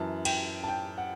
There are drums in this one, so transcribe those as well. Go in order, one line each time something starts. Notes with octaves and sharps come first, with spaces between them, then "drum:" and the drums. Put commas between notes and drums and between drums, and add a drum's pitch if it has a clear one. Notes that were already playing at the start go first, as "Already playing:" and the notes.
Already playing: F#2 E3 A5
G5, drum: cymbal
A5
G5
F#5